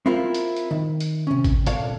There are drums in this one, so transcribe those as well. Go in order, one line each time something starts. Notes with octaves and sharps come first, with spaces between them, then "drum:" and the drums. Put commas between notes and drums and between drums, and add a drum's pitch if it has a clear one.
C4 E4 F4 A#4
drum: hi-hat
drum: hi-hat
D#3
drum: hi-hat
C3 C#4
drum: kick, hi-hat
C2 A#2 D3 C#5 F5 A5, drum: hi-hat